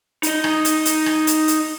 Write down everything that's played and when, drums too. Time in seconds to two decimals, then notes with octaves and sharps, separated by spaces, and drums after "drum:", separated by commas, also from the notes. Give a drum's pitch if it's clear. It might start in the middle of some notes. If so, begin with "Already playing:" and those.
0.23 D#4 D#5, drum: hi-hat
0.44 drum: rim click
0.65 drum: hi-hat
0.85 drum: hi-hat
1.06 drum: rim click
1.27 drum: hi-hat
1.48 drum: hi-hat